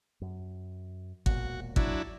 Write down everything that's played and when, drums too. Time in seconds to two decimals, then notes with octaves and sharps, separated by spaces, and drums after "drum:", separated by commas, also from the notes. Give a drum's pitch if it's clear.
0.21 F#2
1.26 E1 A#2 F#4, drum: kick
1.76 F#3 D4 E4, drum: kick